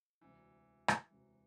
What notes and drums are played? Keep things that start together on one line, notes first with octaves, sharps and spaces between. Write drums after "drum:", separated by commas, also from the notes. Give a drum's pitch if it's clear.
E1 D2 C3 E3 F#3
drum: rim click
E1 D2 C3 F#3